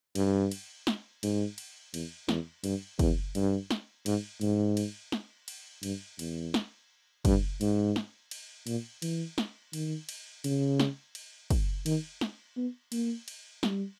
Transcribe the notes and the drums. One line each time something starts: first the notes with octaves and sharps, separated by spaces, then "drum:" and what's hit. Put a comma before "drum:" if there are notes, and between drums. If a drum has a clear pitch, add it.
G2, drum: cymbal
drum: cymbal
drum: snare
G#2, drum: cymbal
drum: cymbal
E2, drum: cymbal
E2, drum: snare
G2, drum: cymbal
E2, drum: kick, cymbal
G2, drum: cymbal
drum: snare
G#2, drum: cymbal
G#2, drum: cymbal
drum: cymbal
drum: snare
drum: cymbal
G2, drum: cymbal
E2, drum: cymbal
drum: snare
G2, drum: kick, cymbal
G#2, drum: cymbal
drum: snare
drum: cymbal
A#2, drum: cymbal
E3, drum: cymbal
drum: snare
D#3, drum: cymbal
drum: cymbal
C#3, drum: cymbal
drum: snare
drum: cymbal
drum: kick, cymbal
D#3, drum: cymbal
drum: snare
B3
A#3, drum: cymbal
drum: cymbal
G3, drum: snare